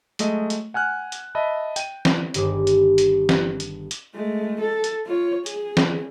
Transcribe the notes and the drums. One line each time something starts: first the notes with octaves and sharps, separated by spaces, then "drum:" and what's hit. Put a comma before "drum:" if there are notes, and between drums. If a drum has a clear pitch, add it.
F#3 G#3 A3 D#5, drum: hi-hat
drum: hi-hat
F#5 G#5 F6 F#6
drum: hi-hat
D#5 E5 A5 B5
G5 D#7, drum: hi-hat
drum: snare
G1 G2 D#3 G#4 D6, drum: hi-hat
drum: hi-hat
drum: hi-hat
drum: snare
drum: hi-hat
drum: hi-hat
G#3 A3
A4
drum: hi-hat
F4 C#5
G#4, drum: hi-hat
drum: snare